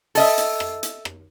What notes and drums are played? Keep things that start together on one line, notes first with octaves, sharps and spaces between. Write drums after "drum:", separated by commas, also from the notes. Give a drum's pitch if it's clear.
A4 D#5 E5, drum: open hi-hat
drum: hi-hat
drum: rim click
drum: hi-hat
drum: rim click